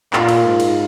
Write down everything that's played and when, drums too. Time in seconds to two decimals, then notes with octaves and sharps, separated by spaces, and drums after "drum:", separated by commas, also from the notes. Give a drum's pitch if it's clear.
0.13 A#2 F4, drum: clap
0.29 drum: cymbal
0.44 G#2
0.60 drum: cymbal